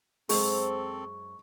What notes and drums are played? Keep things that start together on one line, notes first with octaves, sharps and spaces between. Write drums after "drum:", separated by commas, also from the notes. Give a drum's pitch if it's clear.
F#2 G#3 C4 A4 C5 C#6, drum: open hi-hat